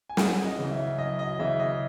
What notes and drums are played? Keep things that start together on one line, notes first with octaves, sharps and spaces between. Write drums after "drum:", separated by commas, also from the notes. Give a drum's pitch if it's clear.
G#5
F#2 F#5, drum: snare
D#5
C#3 E3
E5
F#2 D#5
D#5
C#3 E3 E5
D#5